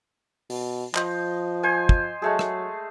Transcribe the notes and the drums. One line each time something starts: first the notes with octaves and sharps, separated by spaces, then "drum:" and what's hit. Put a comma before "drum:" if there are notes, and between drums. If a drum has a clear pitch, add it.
B2, drum: open hi-hat
F3 C5 D#5, drum: clap
C5 G#5
drum: kick
F#3 G#3 A3 G#4
drum: rim click